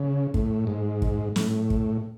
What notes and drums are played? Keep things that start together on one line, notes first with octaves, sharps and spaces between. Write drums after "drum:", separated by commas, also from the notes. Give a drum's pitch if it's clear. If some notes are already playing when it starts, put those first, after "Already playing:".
Already playing: C#3
A2, drum: kick
G#2
drum: kick
A2, drum: snare
drum: kick